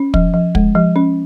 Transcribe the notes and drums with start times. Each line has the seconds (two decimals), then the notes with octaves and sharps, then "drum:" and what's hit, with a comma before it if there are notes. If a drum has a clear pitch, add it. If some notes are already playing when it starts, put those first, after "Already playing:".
Already playing: C#4
0.14 F3, drum: kick
0.34 F3
0.55 G#3, drum: kick
0.75 F3
0.96 C#4